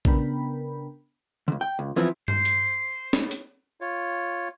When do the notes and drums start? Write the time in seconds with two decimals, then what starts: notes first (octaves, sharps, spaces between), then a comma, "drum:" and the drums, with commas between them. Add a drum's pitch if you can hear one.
0.05 C#3 B3 D4 A#4 G5 B5, drum: kick
1.48 C#2 D3
1.61 G5
1.79 C#2
1.96 E3 F3 B3 C4 E4
2.28 C5, drum: tom G2
2.45 drum: hi-hat
3.13 drum: snare
3.31 drum: hi-hat
3.81 F4 C#5